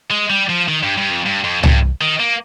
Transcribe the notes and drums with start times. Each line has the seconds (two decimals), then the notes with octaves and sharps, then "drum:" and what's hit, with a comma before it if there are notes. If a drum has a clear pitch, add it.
0.11 G#3
0.30 G3
0.49 F3
0.68 D#3
0.83 G2
0.97 G2
1.10 F2
1.25 G2
1.44 F2
1.63 G2, drum: tom C2
2.01 D#3
2.20 A#3